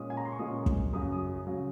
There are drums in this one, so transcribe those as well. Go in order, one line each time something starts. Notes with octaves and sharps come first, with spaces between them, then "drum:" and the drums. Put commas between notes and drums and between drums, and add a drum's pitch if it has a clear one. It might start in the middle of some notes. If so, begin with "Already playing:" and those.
Already playing: A#2 G#3 C#4 D#6
G#5
A#5
C6
C#6
A#2 G#3 C#4 D#6
drum: kick
F#2 C#3 F#3 D#6
D#6
C#3 F#3